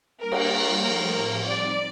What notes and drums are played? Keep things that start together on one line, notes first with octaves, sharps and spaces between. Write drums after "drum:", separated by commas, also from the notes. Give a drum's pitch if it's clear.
G3 A#3 D4 A#4
drum: cymbal
G3 A#3 F4
F3 A3 D#4 A4 A#4 C5
A2 F3 C4
G3 C4 D#4 D5